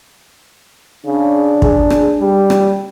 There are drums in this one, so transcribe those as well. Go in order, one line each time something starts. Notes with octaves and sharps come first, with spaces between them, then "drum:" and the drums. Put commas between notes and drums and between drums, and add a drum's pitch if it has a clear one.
C#3 D4
G#4, drum: kick
drum: rim click
G3
drum: rim click